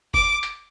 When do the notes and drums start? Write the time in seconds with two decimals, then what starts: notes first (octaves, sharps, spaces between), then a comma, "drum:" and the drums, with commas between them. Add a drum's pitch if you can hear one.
0.14 D6, drum: kick
0.43 drum: hi-hat